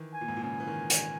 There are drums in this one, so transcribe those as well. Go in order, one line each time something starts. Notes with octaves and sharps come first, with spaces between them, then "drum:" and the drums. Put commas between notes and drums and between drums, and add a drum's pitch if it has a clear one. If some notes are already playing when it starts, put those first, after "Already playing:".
Already playing: D#3 E3
G#5
A#2
G#2
A#2
C#3 G#5
E3
D#3
D#3, drum: hi-hat